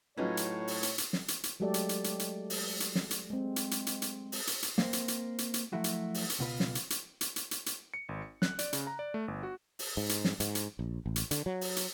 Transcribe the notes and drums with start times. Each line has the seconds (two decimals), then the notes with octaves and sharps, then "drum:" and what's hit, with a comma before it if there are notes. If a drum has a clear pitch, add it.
0.17 A2 F#3 C#4 D#4 F4 B4 C#5
0.37 drum: hi-hat
0.68 drum: open hi-hat
0.83 drum: hi-hat
0.98 drum: hi-hat
1.13 drum: snare
1.28 drum: hi-hat
1.43 drum: hi-hat
1.60 F#3 G#3 A3 G4 A4 D5
1.74 drum: hi-hat
1.89 drum: hi-hat
2.04 drum: hi-hat
2.19 drum: hi-hat
2.50 drum: open hi-hat
2.80 drum: hi-hat
2.95 drum: snare
3.11 drum: hi-hat
3.30 G#3 C4
3.56 drum: hi-hat
3.71 drum: hi-hat
3.87 drum: hi-hat
4.02 drum: hi-hat
4.32 drum: open hi-hat
4.47 drum: hi-hat
4.62 drum: hi-hat
4.78 A#3 C4 A#4 C5, drum: snare
4.93 drum: hi-hat
5.08 drum: hi-hat
5.38 drum: hi-hat
5.54 drum: hi-hat
5.73 F3 F#3 A3 E4 F#4
5.84 drum: hi-hat
6.14 drum: open hi-hat
6.30 drum: hi-hat
6.39 C#2 B2 F4 B4
6.60 drum: snare
6.75 drum: hi-hat
6.90 drum: hi-hat
7.21 drum: hi-hat
7.36 drum: hi-hat
7.51 drum: hi-hat
7.66 drum: hi-hat
7.94 C#7
8.09 G#1
8.22 C#7
8.42 F#6, drum: snare
8.59 D5, drum: hi-hat
8.73 C#3, drum: hi-hat
8.87 A#5
8.99 D5
9.14 A3
9.28 G1
9.43 F#4
9.79 drum: open hi-hat
9.97 G#2
10.09 drum: hi-hat
10.25 drum: snare
10.40 G#2, drum: hi-hat
10.55 drum: hi-hat
10.79 A#1
11.06 A1
11.16 drum: hi-hat
11.31 D3, drum: hi-hat
11.46 F#3
11.61 drum: open hi-hat
11.76 drum: hi-hat